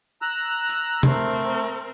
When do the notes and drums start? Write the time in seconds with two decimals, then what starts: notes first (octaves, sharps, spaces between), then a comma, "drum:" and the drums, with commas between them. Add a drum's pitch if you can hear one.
0.22 A#5 E6 F#6
0.69 drum: tambourine
1.03 A3 C4 A#4, drum: tom C3